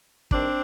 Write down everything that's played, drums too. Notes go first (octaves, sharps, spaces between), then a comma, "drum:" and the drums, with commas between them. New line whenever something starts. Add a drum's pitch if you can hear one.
G2 D#3 C4 D4, drum: kick